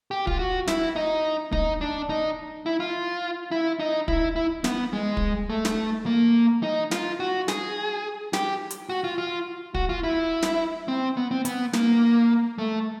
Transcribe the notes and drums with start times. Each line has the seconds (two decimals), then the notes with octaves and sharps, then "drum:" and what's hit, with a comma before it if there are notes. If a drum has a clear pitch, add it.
0.11 G4
0.27 F4, drum: kick
0.39 F#4
0.67 E4, drum: snare
0.96 D#4
1.52 D#4, drum: kick
1.81 D4
2.10 D#4
2.66 E4
2.80 F4
3.51 E4
3.79 D#4
4.08 E4, drum: kick
4.36 E4
4.64 B3, drum: snare
4.93 G#3
5.17 drum: kick
5.50 A3
5.65 drum: snare
6.06 A#3
6.63 D#4
6.91 F4, drum: snare
7.20 F#4
7.48 G#4, drum: snare
8.33 G4, drum: snare
8.71 drum: hi-hat
8.89 F#4
9.04 F4
9.18 F4
9.75 F#4, drum: kick
9.89 F4
10.03 E4
10.42 drum: snare
10.88 C4
11.17 B3
11.31 C4
11.45 B3, drum: hi-hat
11.73 A#3, drum: snare
12.58 A3